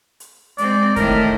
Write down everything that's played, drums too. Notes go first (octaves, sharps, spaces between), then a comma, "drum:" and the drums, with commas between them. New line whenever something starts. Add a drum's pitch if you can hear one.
drum: hi-hat
G#3 C4 D5, drum: hi-hat
A2 D#3 A#4, drum: kick, hi-hat